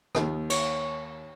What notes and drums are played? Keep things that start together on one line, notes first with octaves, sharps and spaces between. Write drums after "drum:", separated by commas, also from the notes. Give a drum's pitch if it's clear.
D#2 D#3, drum: rim click
C#5, drum: cymbal